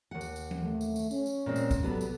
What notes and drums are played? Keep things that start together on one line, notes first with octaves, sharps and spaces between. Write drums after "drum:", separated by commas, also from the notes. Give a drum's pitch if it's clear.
D#2 F#5
drum: tambourine
drum: tambourine
drum: tom E3
A3
drum: tambourine
drum: tambourine
C#4, drum: tambourine
drum: tambourine
A#2 G#3 C4
drum: tambourine
drum: kick, tambourine
F#3 G3 B3 A4
drum: tambourine